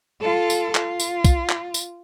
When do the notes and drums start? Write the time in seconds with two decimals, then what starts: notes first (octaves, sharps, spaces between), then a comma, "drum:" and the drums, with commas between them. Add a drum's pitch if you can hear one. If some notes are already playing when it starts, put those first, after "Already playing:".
0.21 F4 A4
0.50 drum: tambourine
0.75 F4, drum: clap
1.00 drum: tambourine
1.25 drum: kick, tambourine
1.49 drum: clap
1.74 drum: tambourine